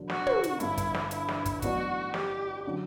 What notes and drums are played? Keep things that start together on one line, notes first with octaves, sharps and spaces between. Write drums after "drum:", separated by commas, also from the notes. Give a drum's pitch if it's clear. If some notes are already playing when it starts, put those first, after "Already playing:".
Already playing: E1 D3 F#3
F#4, drum: snare
drum: tom
drum: hi-hat
G1 G2 D3 E4, drum: hi-hat
drum: kick, hi-hat
drum: snare
E4, drum: hi-hat
drum: snare
drum: kick, hi-hat
A1 A2 F#3 B3 D4 F#4, drum: kick, hi-hat
G4, drum: snare
D3 F#3